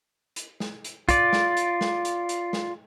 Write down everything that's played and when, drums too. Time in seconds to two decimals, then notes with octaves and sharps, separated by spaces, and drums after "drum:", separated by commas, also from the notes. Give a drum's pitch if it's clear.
0.36 drum: hi-hat
0.60 drum: snare
0.84 drum: hi-hat
1.09 F4 D5, drum: kick, hi-hat
1.33 drum: snare
1.57 drum: hi-hat
1.81 drum: snare
2.05 drum: hi-hat
2.29 drum: hi-hat
2.53 drum: snare